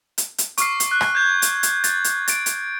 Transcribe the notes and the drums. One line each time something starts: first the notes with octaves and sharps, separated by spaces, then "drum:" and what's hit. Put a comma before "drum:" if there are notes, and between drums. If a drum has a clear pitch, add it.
drum: hi-hat
drum: hi-hat
C#6 D6 F6 C7, drum: hi-hat
drum: hi-hat
F#6
drum: rim click
G6 G#6
drum: hi-hat
drum: hi-hat
A6, drum: hi-hat
drum: hi-hat
A6 D7, drum: hi-hat
drum: hi-hat